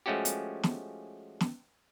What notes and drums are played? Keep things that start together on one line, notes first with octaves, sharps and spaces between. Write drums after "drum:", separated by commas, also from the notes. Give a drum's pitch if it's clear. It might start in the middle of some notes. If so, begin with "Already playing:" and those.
F3 G#3 A3 C#4 F#4 G4
drum: hi-hat
drum: snare
drum: snare